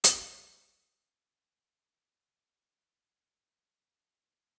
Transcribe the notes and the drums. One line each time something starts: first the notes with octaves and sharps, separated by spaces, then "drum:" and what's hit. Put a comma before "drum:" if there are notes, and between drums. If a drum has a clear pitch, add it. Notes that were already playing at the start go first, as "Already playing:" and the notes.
drum: hi-hat
B4 F#5
C3
C#3 E7
F4 A4